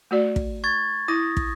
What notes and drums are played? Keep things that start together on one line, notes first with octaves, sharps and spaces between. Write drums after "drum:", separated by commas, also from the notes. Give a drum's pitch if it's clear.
A3 F#4 D5
drum: kick
C#6 G#6 A6
E4 D#6 A#6
drum: kick